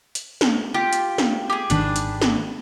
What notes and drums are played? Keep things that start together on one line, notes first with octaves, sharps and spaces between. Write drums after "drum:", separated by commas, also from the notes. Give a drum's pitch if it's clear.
drum: hi-hat
drum: snare
F4 G4
drum: hi-hat
drum: snare
G4 G#4
G#1 D#3 D4 B4, drum: hi-hat
drum: hi-hat
drum: snare